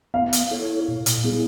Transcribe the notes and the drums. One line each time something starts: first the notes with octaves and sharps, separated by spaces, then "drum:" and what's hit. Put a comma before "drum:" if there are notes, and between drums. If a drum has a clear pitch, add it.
B3 F5
drum: hi-hat
E4 A4 C#5
A#2
drum: hi-hat
G3 B3 E4 G#4